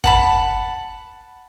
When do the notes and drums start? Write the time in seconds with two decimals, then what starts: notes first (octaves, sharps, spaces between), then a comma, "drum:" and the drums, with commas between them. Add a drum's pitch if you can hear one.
0.04 F#5 A5 B5, drum: kick